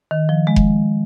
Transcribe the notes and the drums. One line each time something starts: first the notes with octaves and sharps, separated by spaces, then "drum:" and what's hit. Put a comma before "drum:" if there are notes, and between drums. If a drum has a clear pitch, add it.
D#3
F3
G#3
drum: kick F1